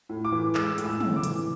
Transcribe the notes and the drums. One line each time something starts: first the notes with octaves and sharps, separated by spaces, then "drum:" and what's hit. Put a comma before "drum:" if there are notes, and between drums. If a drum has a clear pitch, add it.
A2
D6
E3
G#3 E6, drum: clap
A2, drum: hi-hat
E6
A2, drum: tom
D6
E3, drum: hi-hat